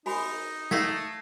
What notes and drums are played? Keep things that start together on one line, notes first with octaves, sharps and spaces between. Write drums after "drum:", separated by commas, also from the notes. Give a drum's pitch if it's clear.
D#4 F#4 G#5 B5, drum: open hi-hat
A3 F5 E6 G#6 A#6 C7, drum: snare